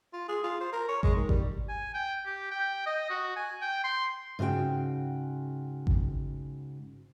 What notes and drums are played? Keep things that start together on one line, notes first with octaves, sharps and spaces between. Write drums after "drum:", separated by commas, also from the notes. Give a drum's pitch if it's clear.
F4
G#4
F4
C5
A#4
C#5
G#3, drum: kick G#1
D#3
G3, drum: kick G#1
G#5
G5
G4
G5
D#5
F#4
G#5
G5
C6
G#2 C#3 F#4 C5 G5
drum: kick G#1